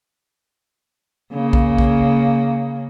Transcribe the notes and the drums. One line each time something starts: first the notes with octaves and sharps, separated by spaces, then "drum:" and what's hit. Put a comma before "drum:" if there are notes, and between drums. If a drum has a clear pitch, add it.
C#3 A#3
drum: kick
drum: kick